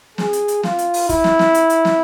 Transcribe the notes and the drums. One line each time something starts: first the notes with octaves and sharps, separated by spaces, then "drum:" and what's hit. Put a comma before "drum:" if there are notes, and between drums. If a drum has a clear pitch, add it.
G#4, drum: snare
drum: hi-hat
drum: hi-hat
F4, drum: snare
drum: hi-hat
drum: open hi-hat
E4, drum: kick, hi-hat
drum: snare
drum: snare
drum: hi-hat
drum: hi-hat
drum: snare